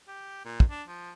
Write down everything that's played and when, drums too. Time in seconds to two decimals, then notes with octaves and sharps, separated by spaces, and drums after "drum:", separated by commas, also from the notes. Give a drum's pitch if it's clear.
0.08 G4
0.45 A#2
0.60 drum: kick
0.70 D4
0.88 F3